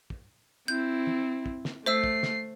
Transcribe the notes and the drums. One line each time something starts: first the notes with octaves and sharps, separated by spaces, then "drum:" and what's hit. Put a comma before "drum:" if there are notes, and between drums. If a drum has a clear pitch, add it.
drum: kick
C4 E4 G6
drum: tom
drum: kick
drum: snare
A3 C5 E5 E6 C7
drum: kick
drum: snare